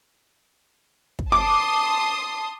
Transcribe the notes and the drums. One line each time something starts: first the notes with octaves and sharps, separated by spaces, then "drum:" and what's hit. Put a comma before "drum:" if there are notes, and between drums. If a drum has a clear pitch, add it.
drum: kick
A5 C6 D6 D#6